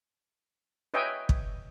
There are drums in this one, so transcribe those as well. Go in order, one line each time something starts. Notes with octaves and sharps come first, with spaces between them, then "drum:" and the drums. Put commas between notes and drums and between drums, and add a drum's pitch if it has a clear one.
B4 C#5 D#5 E5 G5 G#5
drum: kick